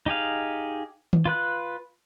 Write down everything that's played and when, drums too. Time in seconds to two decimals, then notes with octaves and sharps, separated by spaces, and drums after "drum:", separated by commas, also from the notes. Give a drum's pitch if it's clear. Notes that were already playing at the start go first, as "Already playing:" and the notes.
0.06 D#4 G4 G#4 F5
1.13 drum: tom D#3
1.25 F4 B4 F#6